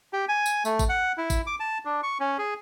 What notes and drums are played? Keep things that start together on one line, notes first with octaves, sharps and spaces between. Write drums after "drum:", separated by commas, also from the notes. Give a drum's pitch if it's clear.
G4
G#5
drum: tambourine
A3, drum: tambourine
drum: kick G#1, tambourine
F#5
E4
drum: kick G#1, tambourine
D6
A5
D4
C#6
C#4
G#4